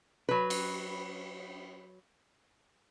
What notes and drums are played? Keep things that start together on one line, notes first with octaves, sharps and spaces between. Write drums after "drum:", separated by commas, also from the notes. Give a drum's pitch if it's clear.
F#3 B4
drum: cymbal